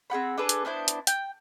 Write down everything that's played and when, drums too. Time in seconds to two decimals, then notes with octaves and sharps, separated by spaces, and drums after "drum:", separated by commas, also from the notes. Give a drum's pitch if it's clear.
0.10 C4 G#4 F#5 B5
0.38 D4 G#4 A4 B4
0.49 drum: hi-hat
0.65 B3 D4 E4 C5
0.88 drum: hi-hat
1.07 G5, drum: hi-hat